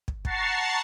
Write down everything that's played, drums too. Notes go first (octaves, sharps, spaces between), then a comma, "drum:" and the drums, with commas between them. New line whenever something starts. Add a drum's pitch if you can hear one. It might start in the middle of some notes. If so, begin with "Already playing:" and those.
drum: kick
F#5 A5 A#5 C#6 A6 C7, drum: kick